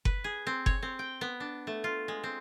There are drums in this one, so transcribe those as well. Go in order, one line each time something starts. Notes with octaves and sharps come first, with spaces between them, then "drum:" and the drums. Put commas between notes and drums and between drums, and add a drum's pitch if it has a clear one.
B4, drum: kick F#1
G#4
C4
C#5, drum: kick F#1
C4
G5
B3
D4
A3
F4
G#3
C4